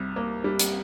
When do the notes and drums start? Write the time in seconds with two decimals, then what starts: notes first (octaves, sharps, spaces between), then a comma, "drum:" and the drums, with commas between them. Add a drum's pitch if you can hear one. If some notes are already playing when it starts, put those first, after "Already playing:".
Already playing: C2 C3 G3
0.16 A#3
0.44 G3
0.59 drum: hi-hat